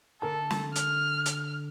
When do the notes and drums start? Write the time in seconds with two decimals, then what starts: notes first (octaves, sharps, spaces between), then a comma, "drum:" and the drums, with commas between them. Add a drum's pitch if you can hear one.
0.22 D3 A4 A#4 A5
0.50 drum: snare
0.76 F6, drum: hi-hat
1.26 drum: hi-hat